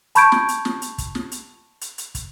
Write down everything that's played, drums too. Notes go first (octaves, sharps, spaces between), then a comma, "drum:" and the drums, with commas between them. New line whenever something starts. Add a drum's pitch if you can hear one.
A5 B5 C#6 G6 G#6 D7, drum: hi-hat
drum: snare
drum: hi-hat
drum: snare
drum: hi-hat
drum: kick, hi-hat
drum: snare
drum: hi-hat
drum: hi-hat
drum: hi-hat
drum: kick, hi-hat